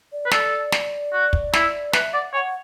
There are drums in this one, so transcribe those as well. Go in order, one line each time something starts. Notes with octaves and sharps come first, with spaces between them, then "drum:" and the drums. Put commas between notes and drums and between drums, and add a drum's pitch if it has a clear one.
D5
B4
A4 D5, drum: snare
drum: snare
F#4
drum: kick
E4, drum: snare
B4 E5, drum: snare
D5 F#5
C#5 G#5
F#5